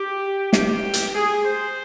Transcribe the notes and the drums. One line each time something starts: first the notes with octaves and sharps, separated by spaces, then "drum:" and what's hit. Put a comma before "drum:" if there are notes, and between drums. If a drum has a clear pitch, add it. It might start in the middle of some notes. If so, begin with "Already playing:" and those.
Already playing: G4
B2 G4, drum: snare
drum: hi-hat
G#4
C5